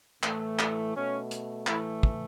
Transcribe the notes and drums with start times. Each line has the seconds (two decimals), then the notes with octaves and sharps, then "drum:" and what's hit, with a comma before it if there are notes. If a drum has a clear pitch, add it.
0.23 A2 E3 A3, drum: clap
0.59 drum: clap
0.95 B2 A3 C#4
1.31 drum: hi-hat
1.67 A2 E3 A3 E4, drum: clap
2.03 drum: kick